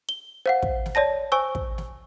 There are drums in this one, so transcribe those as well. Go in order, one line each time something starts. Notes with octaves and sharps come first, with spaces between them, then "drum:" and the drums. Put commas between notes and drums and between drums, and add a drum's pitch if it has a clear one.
G7
C5 F5 F#5
drum: kick
drum: snare
C#5 D5 A5 A#6
C5 G#5 C#6 E6
drum: kick
drum: snare